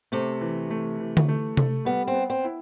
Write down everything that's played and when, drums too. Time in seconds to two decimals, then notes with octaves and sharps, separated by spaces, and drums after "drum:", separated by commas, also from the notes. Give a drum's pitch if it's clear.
0.12 C3 A3
0.41 E3
0.70 A3
1.00 E3
1.17 drum: tom D3
1.28 A3
1.57 A4, drum: tom C3
1.85 G3 B3
2.07 C4
2.14 B3
2.30 C4
2.44 E4